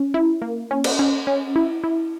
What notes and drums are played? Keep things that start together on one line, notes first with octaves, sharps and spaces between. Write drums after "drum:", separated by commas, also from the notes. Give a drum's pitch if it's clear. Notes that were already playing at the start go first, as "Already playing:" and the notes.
Already playing: C#4
E4
A#3
C#4
drum: cymbal
C#4
C#4
E4
E4